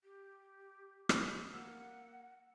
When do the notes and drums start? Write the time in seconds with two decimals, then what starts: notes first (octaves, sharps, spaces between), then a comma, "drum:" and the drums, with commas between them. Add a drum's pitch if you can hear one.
0.04 G4
1.09 drum: rim click
1.53 A#3 F#5 E6 F6